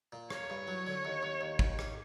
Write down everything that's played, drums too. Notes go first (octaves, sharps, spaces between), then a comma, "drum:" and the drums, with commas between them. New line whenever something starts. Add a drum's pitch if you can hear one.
A#2
A#3 C#5, drum: rim click
G2
F#3
D3
D#2
D#2
D#2
D#2, drum: kick
C#4, drum: rim click